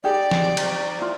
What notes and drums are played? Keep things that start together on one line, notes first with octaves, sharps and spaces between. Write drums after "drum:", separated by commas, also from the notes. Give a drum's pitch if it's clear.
D#4 G4 G#4 D5
drum: snare
drum: cymbal
E4 F4